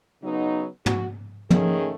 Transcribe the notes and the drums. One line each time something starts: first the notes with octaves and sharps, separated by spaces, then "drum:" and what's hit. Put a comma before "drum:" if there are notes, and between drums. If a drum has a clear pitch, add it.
C#3 F#3 B3 D#4
F#4, drum: tom
D#3 A3 C#4 G#4, drum: tom